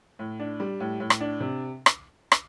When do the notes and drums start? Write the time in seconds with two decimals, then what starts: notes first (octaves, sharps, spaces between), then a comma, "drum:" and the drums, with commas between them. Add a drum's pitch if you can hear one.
0.19 A2
0.40 D4
0.60 G3
0.80 A2
1.00 A2
1.10 drum: rim click
1.21 D4
1.40 C3
1.86 drum: rim click
2.32 drum: rim click